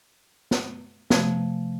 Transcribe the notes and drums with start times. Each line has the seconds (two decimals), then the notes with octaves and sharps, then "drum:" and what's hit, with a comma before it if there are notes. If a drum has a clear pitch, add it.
0.51 drum: snare
1.10 C3 F3 A3, drum: snare